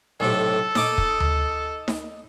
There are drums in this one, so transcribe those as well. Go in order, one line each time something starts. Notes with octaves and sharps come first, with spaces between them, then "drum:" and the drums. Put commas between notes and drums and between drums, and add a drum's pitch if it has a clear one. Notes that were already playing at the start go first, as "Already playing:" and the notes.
B1 A2 C3 A4
D#4 D6 D#6, drum: snare D#4
drum: kick
drum: tom D2
drum: snare D#4